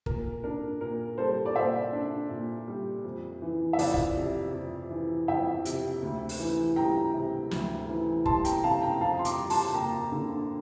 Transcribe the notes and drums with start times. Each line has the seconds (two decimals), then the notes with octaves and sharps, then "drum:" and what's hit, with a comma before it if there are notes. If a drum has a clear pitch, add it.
0.06 A#2 A#4, drum: kick
0.44 D4 A#4
0.81 A#2 A#4
1.18 G3 A4 C5
1.46 D5
1.55 A#2 C5 E5
1.92 D4
2.30 A#2
2.68 G3
3.04 F2
3.42 E3
3.73 E5
3.79 F2 D5 F5, drum: open hi-hat
3.94 drum: kick
4.16 C3
4.53 F2
4.90 E3
5.28 F2 E5 G5
5.65 C3, drum: hi-hat
6.02 D2
6.29 drum: open hi-hat
6.40 E3
6.76 G3 G5 A#5
7.14 C3
7.51 D2, drum: snare
7.89 E3
8.26 G3 A5 C6, drum: kick
8.45 G5 A#5, drum: hi-hat
8.63 C3 F5 A5
8.82 G5 A#5
9.01 F2 F5 A5
9.19 C6
9.25 A#5 D6, drum: hi-hat
9.37 G3
9.50 A5 C6, drum: open hi-hat
9.75 A#3 G5 A#5
10.12 D3